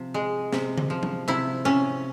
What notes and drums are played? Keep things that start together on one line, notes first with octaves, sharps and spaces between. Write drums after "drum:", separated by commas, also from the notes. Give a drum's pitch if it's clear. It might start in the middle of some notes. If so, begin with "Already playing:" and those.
Already playing: C3 F3
G#3
C3, drum: snare
drum: tom C#3
F3
drum: tom F3
C3 E4, drum: tom F3
C3 C#4